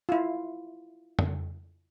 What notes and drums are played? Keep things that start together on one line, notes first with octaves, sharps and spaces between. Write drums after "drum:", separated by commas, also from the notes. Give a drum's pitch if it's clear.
E4 F4
drum: tom F2